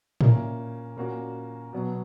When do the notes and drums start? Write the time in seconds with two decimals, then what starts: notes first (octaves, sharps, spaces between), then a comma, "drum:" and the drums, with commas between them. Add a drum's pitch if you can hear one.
0.21 A#2 A#3 C#4 E4, drum: tom A2
0.97 A#2 A#3 C#4 F#4
1.73 B2 F#3 B3